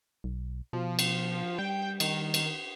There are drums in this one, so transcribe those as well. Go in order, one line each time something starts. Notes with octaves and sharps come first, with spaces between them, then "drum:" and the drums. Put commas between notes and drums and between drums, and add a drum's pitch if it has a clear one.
B1
B2 F3
drum: cymbal
G3 G5
D#3, drum: cymbal
drum: cymbal